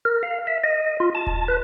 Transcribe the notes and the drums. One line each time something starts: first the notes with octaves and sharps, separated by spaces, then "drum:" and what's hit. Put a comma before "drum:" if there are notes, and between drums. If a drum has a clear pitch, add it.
A#4
F5
E5
D#5
F4
A5
drum: kick D#1
B4